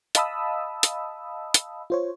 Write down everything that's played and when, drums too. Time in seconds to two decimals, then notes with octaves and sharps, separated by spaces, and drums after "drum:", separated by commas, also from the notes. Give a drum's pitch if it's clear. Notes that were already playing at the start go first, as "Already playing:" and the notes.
0.15 D#5 F5 A5 B5 D#6 E6, drum: hi-hat
0.83 drum: hi-hat
1.54 drum: hi-hat
1.90 F4 C5 C#5